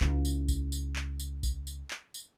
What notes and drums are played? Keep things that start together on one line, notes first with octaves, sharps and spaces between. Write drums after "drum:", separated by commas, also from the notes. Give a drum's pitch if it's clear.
C#2 E4, drum: clap
drum: tambourine
drum: kick A#1, tambourine
drum: tambourine
drum: clap
drum: tambourine
drum: kick A#1, tambourine
drum: tambourine
drum: clap
drum: tambourine